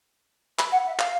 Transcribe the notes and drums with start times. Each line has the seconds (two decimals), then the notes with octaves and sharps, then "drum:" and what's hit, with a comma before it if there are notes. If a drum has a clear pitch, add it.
0.59 B5, drum: clap
0.72 F#5
0.86 E5
0.99 F5, drum: clap